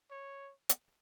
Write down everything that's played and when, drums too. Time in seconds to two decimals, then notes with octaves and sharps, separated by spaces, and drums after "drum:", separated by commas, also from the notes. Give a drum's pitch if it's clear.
0.10 C#5
0.69 drum: hi-hat